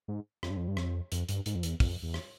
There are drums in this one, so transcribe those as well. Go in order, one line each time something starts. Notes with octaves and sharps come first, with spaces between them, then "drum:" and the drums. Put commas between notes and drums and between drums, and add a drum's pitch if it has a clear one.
G#2
F2, drum: rim click
G2
F2
G2
F2, drum: rim click
F2, drum: hi-hat
G2, drum: hi-hat
G#2, drum: hi-hat
F2
E2, drum: hi-hat
F2, drum: kick, open hi-hat
E2
drum: rim click